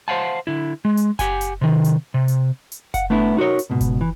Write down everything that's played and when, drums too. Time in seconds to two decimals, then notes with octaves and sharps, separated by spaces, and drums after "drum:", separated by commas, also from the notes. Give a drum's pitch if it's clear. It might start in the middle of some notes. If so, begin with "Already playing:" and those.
0.08 C5 F5 F#5 A5
0.47 D3 E4
0.85 G#3
0.97 drum: hi-hat
1.19 G4 F#5 G#5, drum: kick F#1, hi-hat
1.41 drum: hi-hat
1.61 C3 D#3
1.84 drum: hi-hat
2.14 C3
2.28 drum: hi-hat
2.72 drum: hi-hat
2.94 F5 F#5, drum: kick F#1, hi-hat
3.10 A3 B3 D4 E4
3.37 D#4 F#4 A#4 C#5
3.59 drum: hi-hat
3.70 C#2 G#2 B2
3.81 drum: kick F#1, hi-hat
4.01 E3